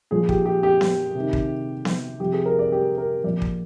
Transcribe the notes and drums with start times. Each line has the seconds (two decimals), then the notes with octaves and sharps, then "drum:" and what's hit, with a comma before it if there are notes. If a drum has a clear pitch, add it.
0.11 A#2 F3 G#4
0.29 G4, drum: kick
0.46 G4
0.63 G4
0.81 drum: snare B3
1.15 C3 D#3
1.33 drum: kick
1.85 drum: snare B3
2.20 C3 F3 G4
2.33 G#4
2.46 A#4
2.59 D5
2.72 G4
2.98 A#4
3.24 A#2 F3 D5
3.42 drum: kick